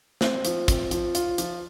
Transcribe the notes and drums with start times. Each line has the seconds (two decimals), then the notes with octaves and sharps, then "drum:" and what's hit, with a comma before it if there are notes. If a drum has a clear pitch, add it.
0.21 C4, drum: snare
0.45 F3, drum: hi-hat
0.68 C4, drum: kick, hi-hat
0.91 F3, drum: hi-hat
1.15 F4, drum: hi-hat
1.38 F3, drum: hi-hat